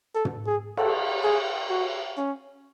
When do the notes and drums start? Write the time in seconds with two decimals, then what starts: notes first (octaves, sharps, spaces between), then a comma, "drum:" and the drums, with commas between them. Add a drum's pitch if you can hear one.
0.15 A4
0.25 drum: tom
0.47 G#4
0.77 A4, drum: cymbal
1.23 G#4
1.70 F#4
2.17 C#4